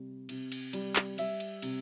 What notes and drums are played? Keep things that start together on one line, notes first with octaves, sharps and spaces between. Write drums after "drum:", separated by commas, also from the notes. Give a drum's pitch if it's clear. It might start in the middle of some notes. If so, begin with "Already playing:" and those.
Already playing: C3 G3
C3, drum: cymbal
drum: cymbal
G3, drum: cymbal
drum: clap
G3 E5, drum: cymbal
drum: cymbal
C3, drum: cymbal